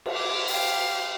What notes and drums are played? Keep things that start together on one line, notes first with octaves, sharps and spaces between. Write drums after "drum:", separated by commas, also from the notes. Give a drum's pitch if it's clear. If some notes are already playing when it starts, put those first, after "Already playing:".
drum: cymbal
D6
G4 F5, drum: open hi-hat